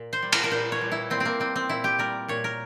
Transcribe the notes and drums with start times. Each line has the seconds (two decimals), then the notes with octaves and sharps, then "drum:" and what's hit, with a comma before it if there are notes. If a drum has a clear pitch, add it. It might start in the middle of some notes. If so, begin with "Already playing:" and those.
Already playing: A#2
0.13 C5
0.23 G3
0.32 A#4, drum: cymbal
0.44 A#4
0.51 A#2 C5
0.72 C#5
0.81 G3
0.92 E4
1.10 A#2 C4
1.20 C4
1.25 A#3
1.40 G3 C4
1.56 C4
1.69 A#2 E4
1.84 G4
1.99 G3 A#4
2.28 A#2 C#5
2.44 A#4